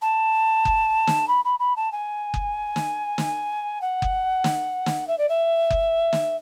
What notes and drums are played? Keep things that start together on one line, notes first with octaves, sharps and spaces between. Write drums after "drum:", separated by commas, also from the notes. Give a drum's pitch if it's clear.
A5
drum: kick F#1
drum: snare
B5
B5
B5
A5
G#5
drum: kick F#1
drum: snare
drum: snare
F#5
drum: kick F#1
drum: snare
drum: snare
E5
D5
E5
drum: kick F#1
drum: snare